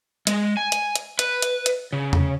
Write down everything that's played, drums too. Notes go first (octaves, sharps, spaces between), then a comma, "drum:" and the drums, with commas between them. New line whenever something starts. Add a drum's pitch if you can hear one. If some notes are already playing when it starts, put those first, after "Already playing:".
G#3, drum: hi-hat
G#5
drum: hi-hat
drum: hi-hat
B4, drum: hi-hat
drum: hi-hat
drum: hi-hat
C#3
drum: tom E2